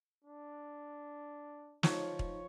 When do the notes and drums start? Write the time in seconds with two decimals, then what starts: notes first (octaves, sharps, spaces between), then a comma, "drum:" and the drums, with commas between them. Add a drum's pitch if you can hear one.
0.24 D4
1.83 F3 D#4 C#5, drum: snare
2.19 drum: kick